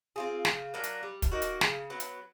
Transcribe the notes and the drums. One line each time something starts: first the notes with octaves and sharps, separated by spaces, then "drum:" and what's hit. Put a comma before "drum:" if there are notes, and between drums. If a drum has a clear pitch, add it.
C4 F4 G#4
C#3, drum: snare
F#3 A#3 D4
drum: hi-hat
G3
drum: kick, hi-hat
A#3 D#4 F#4
drum: hi-hat
C#3, drum: snare
F#3 B3
drum: hi-hat